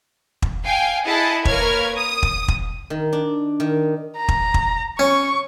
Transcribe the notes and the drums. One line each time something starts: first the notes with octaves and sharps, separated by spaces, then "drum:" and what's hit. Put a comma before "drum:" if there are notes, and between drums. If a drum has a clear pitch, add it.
drum: kick
F5 G5 G#5
E4 G#4 A4 D#5 F#5 A5
A#3 A#4 B4 C#5 F6 G#6, drum: kick
D#6
drum: kick
drum: kick
D#3
D4
D#3
A#5
drum: kick
drum: kick
C#4 C#6